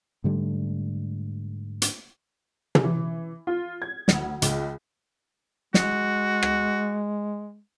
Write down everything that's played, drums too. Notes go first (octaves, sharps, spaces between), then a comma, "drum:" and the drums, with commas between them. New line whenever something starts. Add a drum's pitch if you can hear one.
G#2 D3 G3 A3
drum: hi-hat
drum: tom
E3
F4
G#6
D2, drum: snare
C#2, drum: hi-hat
G#3 F#4, drum: snare
drum: rim click